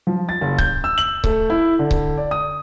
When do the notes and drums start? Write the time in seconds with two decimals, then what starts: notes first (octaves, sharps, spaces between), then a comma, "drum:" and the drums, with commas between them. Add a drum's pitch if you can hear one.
0.07 F3
0.29 A6
0.41 F#1
0.58 G6, drum: kick C#1
0.84 E6
0.98 F#7
1.24 A3, drum: kick C#1
1.50 E4
1.79 D3
1.91 drum: kick C#1
2.18 D5
2.31 D#6